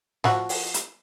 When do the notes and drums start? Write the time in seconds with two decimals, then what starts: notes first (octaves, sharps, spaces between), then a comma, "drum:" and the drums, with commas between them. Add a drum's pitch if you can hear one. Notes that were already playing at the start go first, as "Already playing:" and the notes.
0.24 F3 F#4, drum: snare
0.49 drum: open hi-hat
0.74 drum: hi-hat